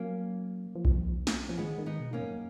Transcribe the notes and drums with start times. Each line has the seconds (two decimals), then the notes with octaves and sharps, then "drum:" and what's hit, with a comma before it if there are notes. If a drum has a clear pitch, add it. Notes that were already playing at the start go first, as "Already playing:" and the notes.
Already playing: F#3 A#3 C#4
0.75 F3
0.85 D#3, drum: kick B1
0.92 F3
1.27 drum: snare
1.49 F3 C#4
1.58 D#3 G#3 B3
1.78 D#3
1.86 B3 D#4
1.99 B2
2.13 A#3 C#4
2.21 F#2